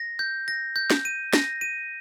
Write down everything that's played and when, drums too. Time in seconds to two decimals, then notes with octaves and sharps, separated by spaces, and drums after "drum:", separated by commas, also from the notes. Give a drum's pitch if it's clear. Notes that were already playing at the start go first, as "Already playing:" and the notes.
Already playing: A#6
0.19 G6
0.48 A#6
0.76 G6
0.90 drum: snare
1.05 D#7
1.33 A#6, drum: snare
1.61 D#7